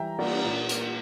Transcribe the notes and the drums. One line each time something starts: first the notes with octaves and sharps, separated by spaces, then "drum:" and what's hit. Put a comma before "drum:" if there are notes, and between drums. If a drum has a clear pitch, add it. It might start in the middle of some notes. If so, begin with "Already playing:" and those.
Already playing: E3 G3 E5 G5 A#5
A#3 D5 F#5, drum: cymbal
A#2
A#3, drum: hi-hat